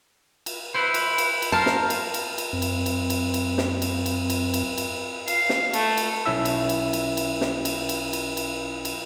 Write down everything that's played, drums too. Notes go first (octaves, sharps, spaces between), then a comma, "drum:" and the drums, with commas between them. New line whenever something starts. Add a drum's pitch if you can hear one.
drum: cymbal
E4 B4 C5
drum: cymbal
drum: cymbal
drum: cymbal
A#4 C5 F5 A5
drum: snare
drum: cymbal
drum: cymbal
drum: cymbal
F#2 C4
drum: cymbal
drum: cymbal
drum: cymbal
drum: cymbal
drum: snare
drum: cymbal
drum: cymbal
drum: cymbal
drum: cymbal
drum: cymbal
F5, drum: cymbal
drum: snare
A3, drum: cymbal
drum: cymbal
B1 C#4 E4 E5 E6
drum: cymbal
drum: cymbal
drum: cymbal
drum: cymbal
drum: snare
drum: cymbal
drum: cymbal
drum: cymbal
drum: cymbal
drum: cymbal